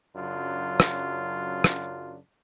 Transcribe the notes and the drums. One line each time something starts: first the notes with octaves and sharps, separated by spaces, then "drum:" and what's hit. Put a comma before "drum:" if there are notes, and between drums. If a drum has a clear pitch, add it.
F#2 C#3 F#3 D4 F4
drum: rim click
drum: rim click